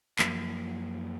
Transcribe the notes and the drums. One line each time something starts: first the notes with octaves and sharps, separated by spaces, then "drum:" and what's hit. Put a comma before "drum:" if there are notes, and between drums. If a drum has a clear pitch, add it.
F#2 F3 F#3 A#3, drum: clap